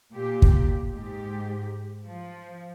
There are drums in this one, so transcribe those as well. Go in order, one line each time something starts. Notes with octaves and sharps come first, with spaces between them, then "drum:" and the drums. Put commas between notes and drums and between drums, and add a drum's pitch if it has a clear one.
A#2 G4
drum: kick
G#2 G4
F3